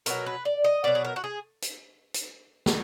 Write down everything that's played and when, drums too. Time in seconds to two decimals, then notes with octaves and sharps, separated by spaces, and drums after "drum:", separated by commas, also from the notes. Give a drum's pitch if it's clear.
0.06 B2 F#3 A#4, drum: hi-hat
0.26 B4
0.45 D5
0.64 D#5
0.84 B2 F#3 D5
0.95 G#4
1.05 A#4
1.16 F#4
1.24 G#4
1.62 drum: hi-hat
2.14 drum: hi-hat
2.66 drum: snare